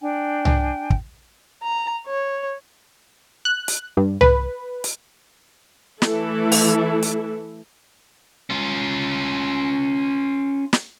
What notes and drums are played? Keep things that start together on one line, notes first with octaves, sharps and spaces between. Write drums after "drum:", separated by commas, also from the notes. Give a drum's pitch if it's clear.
D4 G5 G#5
drum: tom C2
drum: kick
A#5
C#5
F#6
drum: hi-hat
G2
B4, drum: tom C2
drum: hi-hat
E3 A3 E4 A4, drum: snare
drum: open hi-hat
drum: hi-hat
C#4 F4
drum: snare